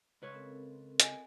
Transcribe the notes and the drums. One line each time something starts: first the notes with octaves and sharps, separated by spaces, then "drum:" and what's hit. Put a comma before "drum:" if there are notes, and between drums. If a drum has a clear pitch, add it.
C#2 B4 C#5
C4 A4 A#4
D#5 G#5, drum: hi-hat